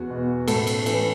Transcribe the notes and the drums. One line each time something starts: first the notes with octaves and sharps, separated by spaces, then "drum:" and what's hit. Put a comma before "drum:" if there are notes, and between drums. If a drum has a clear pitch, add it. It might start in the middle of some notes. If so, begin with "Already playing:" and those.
Already playing: E2 F#4
B2
A2 A4, drum: cymbal
drum: cymbal
E3, drum: cymbal